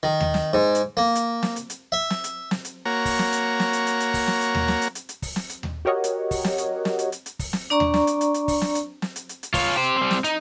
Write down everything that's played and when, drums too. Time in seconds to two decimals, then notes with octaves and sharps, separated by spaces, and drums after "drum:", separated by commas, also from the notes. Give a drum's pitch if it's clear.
0.03 D#3
0.20 drum: tom D#2
0.34 drum: snare
0.53 G#2
0.75 drum: hi-hat
0.97 A#3
1.15 drum: hi-hat
1.43 drum: snare
1.56 drum: hi-hat
1.70 drum: hi-hat
1.92 E5
2.10 drum: snare
2.24 drum: hi-hat
2.51 drum: snare
2.65 drum: hi-hat
2.85 A#3 F#4 C#5 A#5
3.05 drum: kick, open hi-hat
3.19 drum: snare
3.32 drum: hi-hat
3.60 drum: snare
3.73 drum: hi-hat
3.87 drum: hi-hat
4.00 drum: hi-hat
4.14 drum: kick, open hi-hat
4.27 drum: snare
4.41 drum: hi-hat
4.55 drum: tom D#2
4.68 drum: snare
4.82 drum: hi-hat
4.95 drum: hi-hat
5.09 drum: hi-hat
5.22 drum: kick, open hi-hat
5.36 drum: snare
5.49 drum: hi-hat
5.63 drum: tom D#2
5.85 F#4 G4 A#4 C#5 D#5 F#5
6.04 drum: hi-hat
6.31 drum: kick, open hi-hat
6.44 drum: snare
6.58 drum: hi-hat
6.85 drum: snare
6.99 drum: hi-hat
7.12 drum: hi-hat
7.26 drum: hi-hat
7.39 drum: kick, open hi-hat
7.53 drum: snare
7.70 D4 D5 A#5 C#6
7.80 drum: tom D#2
7.94 drum: snare
8.07 drum: hi-hat
8.21 drum: hi-hat
8.34 drum: hi-hat
8.48 drum: kick, open hi-hat
8.61 drum: snare
8.75 drum: hi-hat
9.02 drum: snare
9.16 drum: hi-hat
9.29 drum: hi-hat
9.43 drum: hi-hat
9.54 F4 C#5, drum: kick, open hi-hat
9.76 G4 C5
9.97 G3 C4
10.11 drum: snare
10.24 D#4, drum: hi-hat